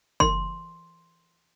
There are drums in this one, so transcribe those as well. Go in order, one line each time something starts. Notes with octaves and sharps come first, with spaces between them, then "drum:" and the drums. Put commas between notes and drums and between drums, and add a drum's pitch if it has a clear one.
C6, drum: kick F#1